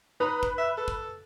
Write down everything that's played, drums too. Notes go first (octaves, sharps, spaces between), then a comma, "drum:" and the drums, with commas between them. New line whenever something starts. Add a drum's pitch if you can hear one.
D#4 B4
drum: kick
E5
A4
drum: kick